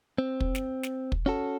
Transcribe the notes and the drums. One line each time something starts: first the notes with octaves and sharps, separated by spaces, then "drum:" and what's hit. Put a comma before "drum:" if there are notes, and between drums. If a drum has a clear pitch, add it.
C4
drum: kick
drum: snare
drum: snare
drum: kick
C#4 F#4 A4